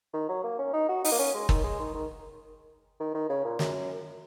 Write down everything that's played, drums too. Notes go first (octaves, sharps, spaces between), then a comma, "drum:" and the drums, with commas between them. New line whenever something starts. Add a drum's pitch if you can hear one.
D#3
F#3
A#3
C#4
D#4
F#4
D#4, drum: open hi-hat
A#3
C#4
G#3
D#3, drum: kick
G#3
D#3
D#3
D#3
D#3
C#3
A#2
F#2, drum: snare